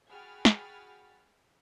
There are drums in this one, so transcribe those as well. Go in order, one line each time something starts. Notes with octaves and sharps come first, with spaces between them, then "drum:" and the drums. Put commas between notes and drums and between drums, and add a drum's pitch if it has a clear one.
F#4 G#4 G5 B5 F6 A6
drum: snare